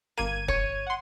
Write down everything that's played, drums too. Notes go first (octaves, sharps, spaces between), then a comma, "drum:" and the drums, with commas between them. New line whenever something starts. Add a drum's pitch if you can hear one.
G1 A#3 G#6 D#7
C#5, drum: kick
F#5 C6